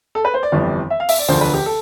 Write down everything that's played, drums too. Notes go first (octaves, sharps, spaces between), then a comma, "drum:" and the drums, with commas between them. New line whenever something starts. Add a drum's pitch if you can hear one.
A4
B4
C5
D5
G1 F2 E3 G3
E5
F5
E5, drum: open hi-hat
D5
E1 D2 D3 F3 C5
B4
G4
A4